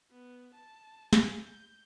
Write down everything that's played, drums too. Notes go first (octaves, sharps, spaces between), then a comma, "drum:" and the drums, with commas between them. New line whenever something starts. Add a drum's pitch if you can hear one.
B3
A5
G#5, drum: snare
G6